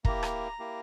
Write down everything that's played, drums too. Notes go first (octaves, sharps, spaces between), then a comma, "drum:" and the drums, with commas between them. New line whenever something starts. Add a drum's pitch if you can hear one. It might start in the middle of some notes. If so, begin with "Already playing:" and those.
A#3 E4 G4 A#5, drum: kick
drum: rim click
A#3 E4 G4